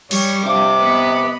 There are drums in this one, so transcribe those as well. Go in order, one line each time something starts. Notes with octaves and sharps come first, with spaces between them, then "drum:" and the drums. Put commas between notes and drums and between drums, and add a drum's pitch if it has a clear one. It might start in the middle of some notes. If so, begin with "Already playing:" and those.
G3 C#5 C#6, drum: cymbal
C3 D4 F4 D6
B3 B4 D#5 B5